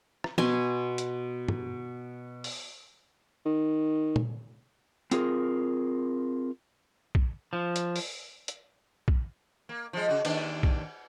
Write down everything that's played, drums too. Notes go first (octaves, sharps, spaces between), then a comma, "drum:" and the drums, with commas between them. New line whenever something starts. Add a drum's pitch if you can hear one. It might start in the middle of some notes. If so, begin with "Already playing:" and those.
drum: rim click
B2 G#5 C6, drum: snare
drum: hi-hat
drum: tom
drum: open hi-hat
D#3
drum: tom A#2
C4 F4 G#4 A#4, drum: hi-hat
drum: kick
F3
drum: hi-hat
drum: open hi-hat
drum: hi-hat
drum: kick
A#3
F3 G#3
C#3 F#4
D#2 D4, drum: cymbal
drum: kick